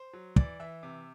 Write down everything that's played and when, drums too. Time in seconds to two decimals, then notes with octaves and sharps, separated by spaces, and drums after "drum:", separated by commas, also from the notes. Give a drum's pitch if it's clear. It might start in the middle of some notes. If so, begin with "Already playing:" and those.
Already playing: C5
0.13 F#3
0.36 E3 D5, drum: kick
0.60 E3 E5
0.83 C3